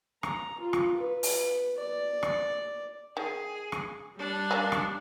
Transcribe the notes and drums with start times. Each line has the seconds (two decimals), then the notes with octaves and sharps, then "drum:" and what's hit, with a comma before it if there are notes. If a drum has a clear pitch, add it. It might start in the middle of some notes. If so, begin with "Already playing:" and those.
0.23 A#5, drum: rim click
0.60 F4
0.73 drum: rim click
0.97 B4
1.23 drum: open hi-hat
1.77 D5
2.23 drum: rim click
3.17 D#3 G#4
3.72 drum: rim click
4.16 G3 D4
4.51 A#3 C#4 D#4
4.72 drum: rim click